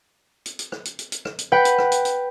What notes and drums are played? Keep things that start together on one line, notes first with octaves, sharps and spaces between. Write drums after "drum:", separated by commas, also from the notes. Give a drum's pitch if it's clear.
drum: hi-hat
drum: hi-hat
drum: rim click
drum: hi-hat
drum: hi-hat
drum: hi-hat
drum: rim click
drum: hi-hat
B4 F#5 G5
drum: hi-hat
drum: rim click
drum: hi-hat
drum: hi-hat